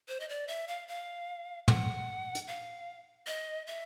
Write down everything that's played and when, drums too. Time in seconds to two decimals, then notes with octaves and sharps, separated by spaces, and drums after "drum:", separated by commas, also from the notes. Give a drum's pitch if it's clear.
0.08 C5
0.20 D#5
0.29 D5
0.48 E5
0.68 F5
0.88 F5
1.68 F#5, drum: tom
2.35 drum: hi-hat
2.47 F5
3.27 D#5
3.67 E5